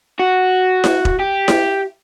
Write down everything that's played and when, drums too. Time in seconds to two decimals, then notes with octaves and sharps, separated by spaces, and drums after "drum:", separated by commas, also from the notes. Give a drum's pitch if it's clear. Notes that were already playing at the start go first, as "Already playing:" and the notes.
0.19 F#4
0.84 drum: snare E4
1.05 drum: kick E1
1.20 G4
1.48 drum: snare E4